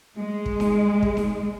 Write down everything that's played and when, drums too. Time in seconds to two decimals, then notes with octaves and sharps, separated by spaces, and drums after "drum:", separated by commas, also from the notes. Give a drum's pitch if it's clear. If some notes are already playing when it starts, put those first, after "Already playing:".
0.17 G#3
0.46 drum: kick
0.60 drum: snare D#4
1.03 drum: kick
1.17 drum: snare D#4